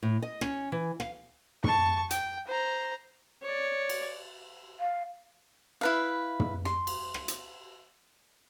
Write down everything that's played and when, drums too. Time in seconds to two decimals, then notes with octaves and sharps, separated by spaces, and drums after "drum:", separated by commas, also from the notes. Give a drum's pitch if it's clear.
0.03 A2
0.22 D#5
0.41 C#4, drum: rim click
0.72 E3
1.00 F5, drum: rim click
1.64 A5 C#6, drum: tom
2.10 G5, drum: hi-hat
2.48 C5 A#5
3.42 C#5 D5
3.89 drum: cymbal
4.80 F5
5.81 E4 B4 F5
6.40 drum: tom
6.65 C6, drum: snare
6.87 drum: cymbal
7.14 drum: rim click
7.28 drum: hi-hat